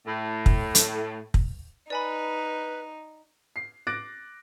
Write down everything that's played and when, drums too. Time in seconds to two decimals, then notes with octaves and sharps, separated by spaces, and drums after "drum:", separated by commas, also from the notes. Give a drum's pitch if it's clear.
0.07 A2
0.46 drum: kick
0.75 drum: hi-hat
1.34 drum: kick
1.90 D#4 B4 D5 G#5 B5
3.56 C7
3.87 D6 F#6 A6 A#6 D7